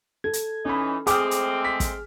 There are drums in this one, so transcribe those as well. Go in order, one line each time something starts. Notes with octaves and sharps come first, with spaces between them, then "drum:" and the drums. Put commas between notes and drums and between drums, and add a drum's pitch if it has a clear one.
A4 G#6
drum: hi-hat
E3 C#4 D#4 B5
G#3 A3 C4 G#4 G5 D6 D#6 F6, drum: hi-hat
drum: hi-hat
B6
drum: kick, hi-hat